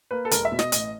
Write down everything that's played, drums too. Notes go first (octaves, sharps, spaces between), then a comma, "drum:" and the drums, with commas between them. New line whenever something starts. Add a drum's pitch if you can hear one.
A#3 B4
A4
E1 A#4, drum: hi-hat
E5
B2
D#5, drum: snare
A1 D#5, drum: hi-hat